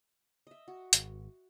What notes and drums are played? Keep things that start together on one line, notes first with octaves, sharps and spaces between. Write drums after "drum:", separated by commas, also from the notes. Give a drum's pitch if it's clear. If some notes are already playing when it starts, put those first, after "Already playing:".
D#5 E5
F#4
G#1, drum: hi-hat